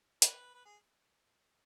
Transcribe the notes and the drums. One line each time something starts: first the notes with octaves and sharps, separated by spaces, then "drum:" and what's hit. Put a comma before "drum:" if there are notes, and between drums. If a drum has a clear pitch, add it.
B4, drum: hi-hat
B4
G#4